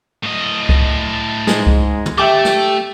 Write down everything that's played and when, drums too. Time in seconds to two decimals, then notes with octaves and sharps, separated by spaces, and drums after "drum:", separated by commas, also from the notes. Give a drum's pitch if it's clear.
0.23 A2 D#5
0.69 drum: kick C2
1.47 G#2 G#3, drum: snare
1.67 drum: kick C2
2.06 drum: tom
2.18 A3 G4 E5 G5 D6
2.45 drum: snare